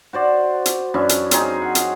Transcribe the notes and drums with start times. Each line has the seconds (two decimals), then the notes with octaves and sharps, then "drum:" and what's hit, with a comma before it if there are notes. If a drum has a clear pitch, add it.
0.13 F#4 C5 D5
0.66 drum: hi-hat
0.94 F#2 C#4 D4 E4
1.09 drum: hi-hat
1.31 C4 C#4 D#4 G#4, drum: hi-hat
1.62 F#5
1.75 drum: hi-hat